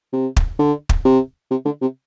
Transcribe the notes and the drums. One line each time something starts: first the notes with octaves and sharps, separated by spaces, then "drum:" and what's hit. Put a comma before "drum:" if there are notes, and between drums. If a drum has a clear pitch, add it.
C3
drum: kick
D3
drum: kick
C3
C3
D3
C3